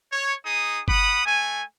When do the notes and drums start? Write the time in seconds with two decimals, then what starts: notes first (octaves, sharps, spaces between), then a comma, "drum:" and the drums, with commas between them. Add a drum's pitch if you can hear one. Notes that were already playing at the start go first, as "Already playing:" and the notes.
0.12 C#5
0.45 D#4 G#4 D#6
0.88 F#5 B5 D#6, drum: kick G1
1.26 A3 G#5